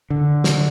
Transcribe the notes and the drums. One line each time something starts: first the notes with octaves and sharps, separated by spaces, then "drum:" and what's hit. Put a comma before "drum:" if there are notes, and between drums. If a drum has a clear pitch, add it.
D3
drum: snare